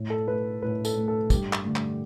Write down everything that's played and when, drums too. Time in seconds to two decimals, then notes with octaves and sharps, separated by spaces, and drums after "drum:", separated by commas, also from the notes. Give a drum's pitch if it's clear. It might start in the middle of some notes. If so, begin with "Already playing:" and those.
Already playing: A2
0.10 A4
0.27 A3 B4
0.62 A2 B4
0.85 A4, drum: tambourine
0.96 A3
1.08 A4
1.30 G2 G4, drum: kick, tambourine
1.53 drum: clap
1.64 D3 A3
1.76 drum: clap